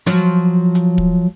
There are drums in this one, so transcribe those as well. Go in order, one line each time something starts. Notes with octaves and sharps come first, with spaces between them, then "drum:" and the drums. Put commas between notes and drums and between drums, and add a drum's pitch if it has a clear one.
F3 F#3, drum: snare
drum: hi-hat
drum: kick